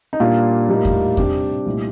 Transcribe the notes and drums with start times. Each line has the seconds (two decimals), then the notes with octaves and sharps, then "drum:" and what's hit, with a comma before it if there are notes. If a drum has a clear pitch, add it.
0.13 D#4
0.20 A#2 G3 A#3 D4 F4
0.68 A2 G3 A#3 D#4
0.85 drum: kick E2
1.17 C3 G3 D4 G4, drum: kick E2
1.66 C2 A#2 A3 D#4